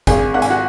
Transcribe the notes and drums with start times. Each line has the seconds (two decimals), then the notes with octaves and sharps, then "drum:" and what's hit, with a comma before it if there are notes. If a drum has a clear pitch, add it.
0.07 G#1 G#4 G#5, drum: kick, hi-hat
0.34 G#1 F#5
0.42 G#5, drum: hi-hat
0.50 F#4 F#5